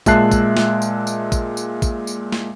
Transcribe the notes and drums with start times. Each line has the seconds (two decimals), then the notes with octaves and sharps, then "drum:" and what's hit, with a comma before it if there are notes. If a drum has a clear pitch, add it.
0.06 A#2 G#3 E5 A5 F#6 C7, drum: kick A1, tambourine
0.31 drum: kick A1, tambourine
0.57 drum: snare
0.82 drum: tambourine
1.07 drum: tambourine
1.32 drum: kick A1, tambourine
1.57 drum: tambourine
1.82 drum: kick A1, tambourine
2.07 drum: tambourine
2.32 drum: snare